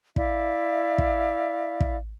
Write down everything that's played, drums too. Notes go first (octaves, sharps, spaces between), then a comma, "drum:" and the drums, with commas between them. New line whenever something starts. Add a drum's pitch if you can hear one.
E4 D5 E5 F5, drum: kick
drum: kick
drum: kick